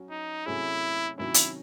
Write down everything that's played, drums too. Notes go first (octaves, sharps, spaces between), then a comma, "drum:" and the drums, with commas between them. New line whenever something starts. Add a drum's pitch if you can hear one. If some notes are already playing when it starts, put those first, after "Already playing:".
Already playing: F#3 C#4 F#4
D#4
C3 F#3 A3 C#4 E4 G#4
C3 D#3 F#3 C#4 E4
drum: hi-hat